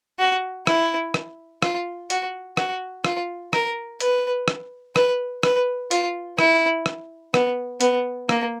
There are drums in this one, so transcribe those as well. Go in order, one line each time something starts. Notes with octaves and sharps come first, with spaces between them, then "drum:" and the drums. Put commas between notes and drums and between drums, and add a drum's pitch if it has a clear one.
F#4
E4, drum: rim click
drum: rim click
F4, drum: rim click
F#4, drum: hi-hat
F#4, drum: rim click
F4, drum: rim click
A#4, drum: rim click
B4, drum: hi-hat
drum: rim click
B4, drum: rim click
B4, drum: rim click
F4, drum: hi-hat
E4, drum: rim click
drum: rim click
B3, drum: rim click
B3, drum: hi-hat
A#3, drum: rim click